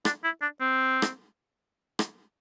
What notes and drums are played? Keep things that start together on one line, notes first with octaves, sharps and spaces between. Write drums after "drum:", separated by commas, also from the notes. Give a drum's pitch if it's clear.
D4, drum: rim click
E4
D4
C4
drum: rim click
drum: rim click